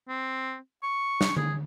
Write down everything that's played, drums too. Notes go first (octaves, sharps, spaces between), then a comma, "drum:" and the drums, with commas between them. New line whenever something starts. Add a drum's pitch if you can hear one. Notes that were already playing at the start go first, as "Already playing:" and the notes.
C4
C#6
drum: snare
G#4, drum: tom D3